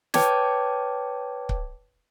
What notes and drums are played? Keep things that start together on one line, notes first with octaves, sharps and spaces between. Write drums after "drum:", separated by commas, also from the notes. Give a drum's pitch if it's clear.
B4 C#5 G5 A5 D6 G#6, drum: snare
drum: kick C#1